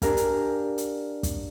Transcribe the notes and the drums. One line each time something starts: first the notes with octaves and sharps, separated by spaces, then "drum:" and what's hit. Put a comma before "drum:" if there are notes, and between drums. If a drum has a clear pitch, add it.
D4 G4 A#4 F5 G#5, drum: kick, hi-hat
drum: hi-hat
drum: hi-hat
drum: kick, hi-hat